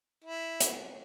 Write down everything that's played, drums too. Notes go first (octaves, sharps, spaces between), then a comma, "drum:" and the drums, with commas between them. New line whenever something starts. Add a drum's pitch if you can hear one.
E4
drum: hi-hat